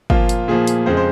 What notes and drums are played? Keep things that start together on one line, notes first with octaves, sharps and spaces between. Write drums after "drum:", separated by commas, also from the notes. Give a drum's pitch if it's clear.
A#2 F3 A#3 F4, drum: kick
drum: hi-hat
A#2 F3 A#3 G#4
drum: hi-hat
F2 C#3 G#3 C5
C5